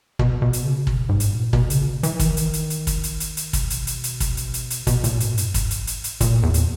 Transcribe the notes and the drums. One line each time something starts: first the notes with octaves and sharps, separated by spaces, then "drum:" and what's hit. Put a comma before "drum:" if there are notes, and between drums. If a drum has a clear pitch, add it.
B2, drum: kick
B2
drum: hi-hat
C#3
B2, drum: kick
G#2
drum: hi-hat
A#2
B2, drum: kick
C#3, drum: hi-hat
E3, drum: hi-hat
D#3, drum: kick, hi-hat
drum: hi-hat
drum: hi-hat
drum: hi-hat
drum: kick, hi-hat
drum: hi-hat
drum: hi-hat
drum: hi-hat
B2, drum: kick, hi-hat
drum: hi-hat
drum: hi-hat
drum: hi-hat
drum: kick, hi-hat
drum: hi-hat
drum: hi-hat
drum: hi-hat
B2, drum: kick, hi-hat
A#2, drum: hi-hat
G#2, drum: hi-hat
F#2, drum: hi-hat
G#2, drum: kick, hi-hat
drum: hi-hat
drum: hi-hat
drum: hi-hat
A#2, drum: kick, hi-hat
E2
drum: hi-hat